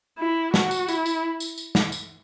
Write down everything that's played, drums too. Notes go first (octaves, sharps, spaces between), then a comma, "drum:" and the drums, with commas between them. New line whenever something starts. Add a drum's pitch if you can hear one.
E4
F#4, drum: snare
drum: tambourine
E4, drum: tambourine
drum: tambourine
drum: tambourine
drum: tambourine
drum: snare
drum: tambourine